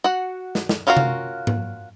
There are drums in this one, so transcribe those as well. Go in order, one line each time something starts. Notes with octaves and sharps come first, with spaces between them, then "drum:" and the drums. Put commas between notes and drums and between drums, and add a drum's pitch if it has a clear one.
F#4 F#5
drum: snare
drum: snare
C#4 F4 F#4 A#4 F5
drum: tom C3
drum: tom G#2